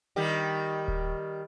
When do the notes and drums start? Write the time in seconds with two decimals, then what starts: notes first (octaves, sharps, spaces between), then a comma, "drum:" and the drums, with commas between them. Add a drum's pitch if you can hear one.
0.16 D#3 G3 G4
0.88 drum: kick D1